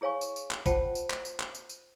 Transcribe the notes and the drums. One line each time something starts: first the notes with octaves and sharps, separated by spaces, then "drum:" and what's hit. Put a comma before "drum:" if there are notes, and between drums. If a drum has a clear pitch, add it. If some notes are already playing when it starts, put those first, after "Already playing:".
E4 G#4 C#5 F5 G#5 C#6
drum: tambourine
drum: tambourine
drum: clap
F4 C5 F#5 G5 A5, drum: kick, tambourine
drum: tambourine
drum: clap
drum: tambourine
drum: clap
drum: tambourine
drum: tambourine